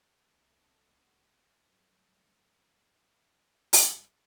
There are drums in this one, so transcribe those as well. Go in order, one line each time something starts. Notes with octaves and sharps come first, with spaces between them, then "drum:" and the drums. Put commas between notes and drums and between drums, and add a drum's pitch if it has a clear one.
C2 C3 D#3 A3
A4
F#4
C4
G1 G2 F#3 A3
F#4
drum: open hi-hat